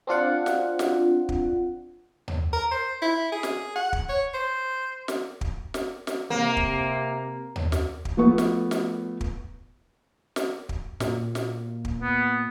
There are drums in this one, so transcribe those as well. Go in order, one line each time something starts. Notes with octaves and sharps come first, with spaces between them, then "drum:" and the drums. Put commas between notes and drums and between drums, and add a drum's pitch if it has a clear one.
C4 D4 F4 F#5
drum: snare
drum: snare
drum: kick
drum: tom D#2
A#4
C5
E4
G#4
drum: snare
F#5
drum: kick
C#5
C5
drum: snare
drum: kick
drum: snare
drum: snare
C3 A#3
drum: kick
drum: tom D#2
drum: snare
drum: kick
F3 A3 B3 C#6
drum: snare
drum: snare
drum: kick
drum: snare
drum: kick
A#2, drum: snare
drum: snare
drum: kick
B3